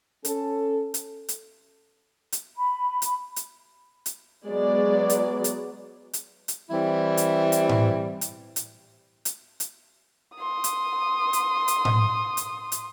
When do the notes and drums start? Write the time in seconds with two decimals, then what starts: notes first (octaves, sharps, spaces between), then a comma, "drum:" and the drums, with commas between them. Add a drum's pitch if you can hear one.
0.25 C#4 A4, drum: hi-hat
0.94 drum: hi-hat
1.29 drum: hi-hat
2.32 drum: hi-hat
2.55 B5
3.02 drum: hi-hat
3.36 drum: hi-hat
4.06 drum: hi-hat
4.47 F#3 G#3 B3 D5
5.10 drum: hi-hat
5.44 drum: hi-hat
6.13 drum: hi-hat
6.48 drum: hi-hat
6.71 E3 G3 C4 E4
7.17 drum: hi-hat
7.52 drum: hi-hat
7.69 drum: tom A2
8.21 drum: hi-hat
8.56 drum: hi-hat
9.25 drum: hi-hat
9.60 drum: hi-hat
10.37 C6 D#6
10.64 drum: hi-hat
11.33 drum: hi-hat
11.68 drum: hi-hat
11.85 drum: tom A2
12.37 drum: hi-hat
12.72 drum: hi-hat